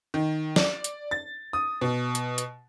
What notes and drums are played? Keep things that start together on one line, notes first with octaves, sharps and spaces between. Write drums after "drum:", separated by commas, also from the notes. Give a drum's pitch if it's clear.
D#3
D5, drum: snare
drum: hi-hat
A6
D#6
B2
drum: hi-hat
drum: hi-hat